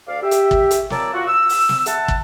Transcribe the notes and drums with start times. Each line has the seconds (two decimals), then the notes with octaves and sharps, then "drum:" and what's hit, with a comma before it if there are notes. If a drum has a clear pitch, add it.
0.07 D2 D5 F5
0.22 G4 E5
0.31 drum: hi-hat
0.51 drum: kick
0.71 drum: hi-hat
0.90 A#2 A#4 C#5 D5 A5 E6, drum: snare
1.13 F4 F#4
1.27 E6
1.49 drum: open hi-hat
1.69 drum: snare
1.86 E5 F#5 A5, drum: hi-hat
2.08 drum: kick